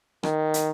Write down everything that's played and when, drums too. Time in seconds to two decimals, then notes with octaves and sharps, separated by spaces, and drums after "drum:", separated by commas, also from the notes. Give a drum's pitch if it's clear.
0.23 D#3, drum: rim click
0.54 drum: hi-hat